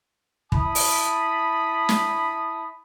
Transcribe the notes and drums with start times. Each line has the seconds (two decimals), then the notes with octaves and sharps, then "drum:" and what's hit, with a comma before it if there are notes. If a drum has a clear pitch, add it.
0.52 E4 A5 B5 D#6, drum: kick
0.75 drum: open hi-hat
1.89 drum: snare